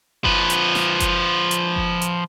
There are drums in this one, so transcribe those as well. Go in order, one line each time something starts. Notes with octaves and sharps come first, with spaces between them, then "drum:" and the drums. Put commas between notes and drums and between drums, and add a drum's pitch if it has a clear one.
F3 B4, drum: kick F#1
drum: hi-hat
drum: snare
drum: kick F#1, hi-hat
drum: hi-hat
drum: kick F#1
drum: hi-hat